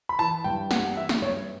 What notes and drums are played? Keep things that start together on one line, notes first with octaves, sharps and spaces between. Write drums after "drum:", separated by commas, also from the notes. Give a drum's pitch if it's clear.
B5
E3 A5
G2 G5
G3 F#5, drum: snare
E3 E5
drum: snare
G2 C#5